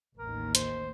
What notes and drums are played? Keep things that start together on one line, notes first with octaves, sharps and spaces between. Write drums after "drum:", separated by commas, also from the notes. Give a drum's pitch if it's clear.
A1 D#2 A#4
C5, drum: hi-hat